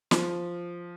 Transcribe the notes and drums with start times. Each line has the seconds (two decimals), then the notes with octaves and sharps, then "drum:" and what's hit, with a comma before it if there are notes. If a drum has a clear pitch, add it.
0.11 F3, drum: snare